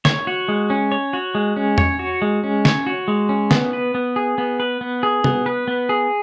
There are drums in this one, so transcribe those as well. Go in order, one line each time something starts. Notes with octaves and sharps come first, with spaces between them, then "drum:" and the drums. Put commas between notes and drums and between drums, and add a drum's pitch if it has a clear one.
C#5, drum: snare
F#4
G#3
C#4
C#5
F#4
G#3
C#4
C#5, drum: tom E2
F#4
G#3
C#4
C#5, drum: snare
F#4
G#3
C#4
B3, drum: snare
B4
B3
G#4
B3
B4
B3
G#4
B3, drum: tom C3
B4
B3
G#4